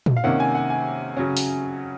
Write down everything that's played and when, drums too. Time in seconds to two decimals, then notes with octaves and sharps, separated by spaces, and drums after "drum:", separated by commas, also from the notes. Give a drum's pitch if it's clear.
0.06 drum: tom A#2
0.17 F5
0.24 C3 D#3 A#3 C#4 F#5
0.40 G#5
0.55 F#5
0.70 G#5
1.17 C#3 F#3 C#4
1.37 drum: open hi-hat